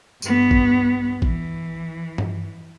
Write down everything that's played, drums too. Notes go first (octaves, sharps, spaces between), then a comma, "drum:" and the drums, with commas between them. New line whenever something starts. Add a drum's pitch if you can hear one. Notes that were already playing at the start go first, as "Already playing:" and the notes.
G2 B3, drum: tambourine
drum: kick
E3, drum: kick
drum: tom G2